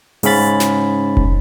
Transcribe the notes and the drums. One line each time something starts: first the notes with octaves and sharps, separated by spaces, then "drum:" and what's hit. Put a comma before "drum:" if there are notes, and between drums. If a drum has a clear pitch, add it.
G#2 C#3 C#4 B5 A6, drum: open hi-hat
drum: snare
drum: kick F1